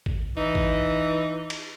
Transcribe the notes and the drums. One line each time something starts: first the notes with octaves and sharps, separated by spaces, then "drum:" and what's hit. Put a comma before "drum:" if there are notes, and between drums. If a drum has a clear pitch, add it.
drum: kick
E3 D#4
drum: kick
drum: cymbal